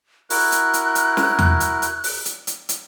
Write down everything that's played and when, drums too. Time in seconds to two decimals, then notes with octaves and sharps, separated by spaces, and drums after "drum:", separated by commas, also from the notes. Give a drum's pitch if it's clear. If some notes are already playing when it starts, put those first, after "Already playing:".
0.30 E4 F#4 A#4 F#6, drum: open hi-hat
0.52 drum: hi-hat
0.74 drum: hi-hat
0.95 drum: hi-hat
1.17 drum: snare
1.39 drum: tom E2
1.60 drum: hi-hat
1.82 drum: hi-hat
2.04 drum: open hi-hat
2.25 drum: hi-hat
2.47 drum: hi-hat
2.69 drum: hi-hat